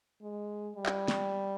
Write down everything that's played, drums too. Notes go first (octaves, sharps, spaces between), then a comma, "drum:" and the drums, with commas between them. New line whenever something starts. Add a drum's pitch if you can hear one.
G#3
G3
drum: clap
drum: snare